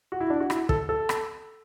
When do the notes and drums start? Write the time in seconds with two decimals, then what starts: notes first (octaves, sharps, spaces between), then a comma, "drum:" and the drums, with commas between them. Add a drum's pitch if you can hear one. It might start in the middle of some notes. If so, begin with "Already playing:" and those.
0.12 F#4
0.20 E4
0.30 D4
0.40 F#4
0.50 E4, drum: rim click
0.69 A4, drum: kick
0.89 A4
1.09 drum: rim click